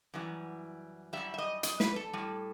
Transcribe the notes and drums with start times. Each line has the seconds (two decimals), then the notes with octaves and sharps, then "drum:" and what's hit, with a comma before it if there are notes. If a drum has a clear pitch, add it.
0.14 F#2 E3 G3
1.13 F#2 D#3 G3 E5
1.34 E5
1.38 D#5
1.63 D#5, drum: hi-hat
1.80 B4, drum: snare
1.96 A4
2.13 A2 G3